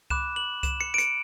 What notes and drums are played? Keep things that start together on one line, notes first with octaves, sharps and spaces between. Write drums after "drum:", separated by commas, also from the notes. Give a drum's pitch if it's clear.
B5 D6 F#6 E7, drum: kick C2
F#7
E7, drum: kick C2, hi-hat
C#7
D7
C#7, drum: hi-hat